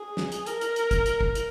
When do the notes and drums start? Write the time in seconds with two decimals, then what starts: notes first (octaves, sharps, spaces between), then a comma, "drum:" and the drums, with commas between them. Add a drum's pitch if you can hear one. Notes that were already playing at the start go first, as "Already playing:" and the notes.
Already playing: G#4
0.17 drum: snare
0.32 drum: hi-hat
0.46 A#4, drum: hi-hat
0.61 drum: hi-hat
0.76 drum: hi-hat
0.91 drum: kick, hi-hat
1.06 drum: hi-hat
1.21 drum: kick
1.35 drum: hi-hat